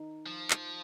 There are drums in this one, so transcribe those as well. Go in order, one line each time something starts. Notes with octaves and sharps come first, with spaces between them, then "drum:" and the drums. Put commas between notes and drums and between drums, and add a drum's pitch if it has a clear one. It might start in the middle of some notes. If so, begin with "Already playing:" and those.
Already playing: D#4
F3
drum: clap